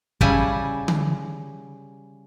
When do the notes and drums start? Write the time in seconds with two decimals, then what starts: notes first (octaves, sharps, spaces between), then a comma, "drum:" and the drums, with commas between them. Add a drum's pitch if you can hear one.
0.21 C#3 G3 E4 G#5 A5, drum: kick
0.88 drum: tom D3